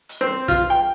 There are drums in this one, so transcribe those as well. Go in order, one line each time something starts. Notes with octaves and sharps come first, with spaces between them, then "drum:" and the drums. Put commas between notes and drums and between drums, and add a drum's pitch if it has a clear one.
drum: hi-hat
C4
F4, drum: kick, hi-hat
G5